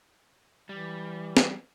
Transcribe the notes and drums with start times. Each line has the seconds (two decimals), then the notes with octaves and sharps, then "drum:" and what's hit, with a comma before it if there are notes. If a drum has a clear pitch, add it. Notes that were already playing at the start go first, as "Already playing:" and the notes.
0.69 E3 G3
1.37 drum: snare